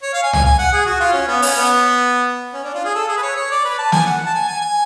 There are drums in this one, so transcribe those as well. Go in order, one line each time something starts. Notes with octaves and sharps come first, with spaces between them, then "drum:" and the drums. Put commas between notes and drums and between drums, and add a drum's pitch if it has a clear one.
C#5
F5
G#5
G#5, drum: tom
G#5
F#5
G#4
F#4
F4
C#4
B3
C#4, drum: open hi-hat
B3
C#4
D4
F4
G#4
A4
G#4
B4
C#5
C#5
D5
B4
A5
G#5, drum: snare
F#5
A5
G#5
G#5
G#5